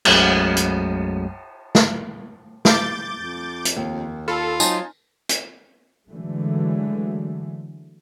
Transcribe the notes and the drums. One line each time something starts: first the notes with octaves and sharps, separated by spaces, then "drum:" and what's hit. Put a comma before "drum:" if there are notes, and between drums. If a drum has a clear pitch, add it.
B1 F#2 F#3 G#3 A3, drum: cymbal
drum: hi-hat
drum: snare
D6 G6 A6, drum: snare
F2
drum: hi-hat
D#2
F4 A4 B5 C6 F6
F#3 C4 D#4 G#5 A5 C6, drum: tambourine
drum: hi-hat
D3 E3 F#3 G#3 A3